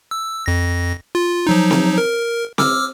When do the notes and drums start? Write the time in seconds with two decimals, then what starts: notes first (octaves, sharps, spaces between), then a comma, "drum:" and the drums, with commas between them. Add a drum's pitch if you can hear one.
0.11 E6
0.46 F2 A#6
1.15 F4
1.47 F3 F#3 D#4
1.71 drum: snare C4
1.98 A#4
2.58 D6 E6 F6, drum: snare C4